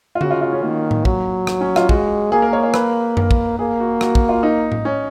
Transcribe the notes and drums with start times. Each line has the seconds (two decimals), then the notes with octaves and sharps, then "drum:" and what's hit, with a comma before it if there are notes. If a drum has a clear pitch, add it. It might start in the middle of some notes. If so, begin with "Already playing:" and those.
0.15 F4
0.21 C#3 F#4, drum: tom D3
0.31 F4
0.41 F4
0.52 C#4
0.63 D#3 A#3
0.91 drum: tom A2
1.05 F#3, drum: kick
1.47 drum: rim click
1.61 C#4
1.76 F4, drum: rim click
1.89 G#3 F#4, drum: kick
2.32 A#3 G#4
2.42 A#4
2.53 C#5
2.63 C#5
2.74 B4, drum: rim click
3.17 A#4, drum: tom F#2
3.31 drum: kick
3.59 A#3 G#4
3.80 F#4
4.01 F#4, drum: rim click
4.15 drum: kick
4.29 F4
4.43 D#4
4.72 drum: tom A2
4.85 C#4